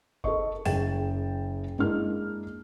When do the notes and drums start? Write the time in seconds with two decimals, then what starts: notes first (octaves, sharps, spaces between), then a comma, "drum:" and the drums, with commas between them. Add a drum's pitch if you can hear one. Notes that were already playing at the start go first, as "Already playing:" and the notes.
0.24 A4 A#4 D#5 C#6, drum: kick F#1
0.65 F#1 G#4 G5 A6 E7, drum: open hi-hat
1.78 F#2 G#3 A#3 D4 E4 F6, drum: tom F#2